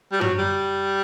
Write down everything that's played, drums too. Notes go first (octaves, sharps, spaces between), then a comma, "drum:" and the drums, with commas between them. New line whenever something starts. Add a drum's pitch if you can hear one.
G3
F#3, drum: tom
G3